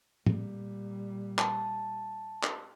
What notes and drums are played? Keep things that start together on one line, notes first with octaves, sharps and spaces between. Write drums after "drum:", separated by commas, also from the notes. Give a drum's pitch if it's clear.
A#2 G3, drum: tom
A5, drum: clap
drum: clap